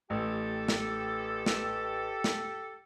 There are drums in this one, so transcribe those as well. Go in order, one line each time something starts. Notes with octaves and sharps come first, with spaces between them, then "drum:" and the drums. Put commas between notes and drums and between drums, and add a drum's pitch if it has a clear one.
A1 G4 A4
drum: snare
drum: snare
drum: snare